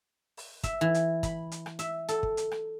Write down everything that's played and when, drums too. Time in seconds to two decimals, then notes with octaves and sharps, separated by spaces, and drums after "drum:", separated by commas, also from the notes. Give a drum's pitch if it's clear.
0.37 drum: open hi-hat
0.63 E5, drum: kick, hi-hat
0.81 E3
0.94 drum: hi-hat
1.23 B5, drum: kick, hi-hat
1.52 drum: hi-hat
1.66 drum: rim click
1.79 E5, drum: hi-hat
2.09 A4, drum: hi-hat
2.23 drum: kick
2.37 drum: hi-hat
2.51 drum: rim click